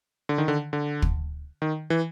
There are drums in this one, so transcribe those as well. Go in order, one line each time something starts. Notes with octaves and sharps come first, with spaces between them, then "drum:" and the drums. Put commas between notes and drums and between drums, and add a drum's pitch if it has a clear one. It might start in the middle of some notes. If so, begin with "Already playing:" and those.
D3
D#3
D3
D3
drum: kick
D#3
E3